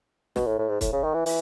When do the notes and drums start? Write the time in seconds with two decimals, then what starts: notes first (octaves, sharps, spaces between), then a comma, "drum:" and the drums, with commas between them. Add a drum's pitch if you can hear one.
0.36 B2, drum: snare
0.46 A2
0.58 A2
0.69 G#2
0.81 A2, drum: kick, hi-hat
0.93 C#3
1.04 D#3
1.14 E3
1.26 E3, drum: open hi-hat